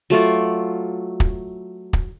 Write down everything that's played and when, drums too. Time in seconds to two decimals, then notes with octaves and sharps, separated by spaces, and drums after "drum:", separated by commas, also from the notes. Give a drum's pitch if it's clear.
0.10 F#3 A3 F4 D5
1.20 drum: kick
1.93 drum: kick